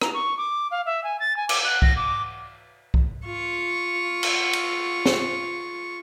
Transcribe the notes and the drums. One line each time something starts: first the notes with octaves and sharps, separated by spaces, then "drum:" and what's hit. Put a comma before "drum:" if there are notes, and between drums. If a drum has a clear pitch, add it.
A#5, drum: rim click
C#6
D6
F5
E5
G#5
A6
G#5
D6, drum: cymbal
F#6
A#6, drum: kick C2
D6
drum: kick C2
F4 C#6
drum: cymbal
drum: cymbal
drum: snare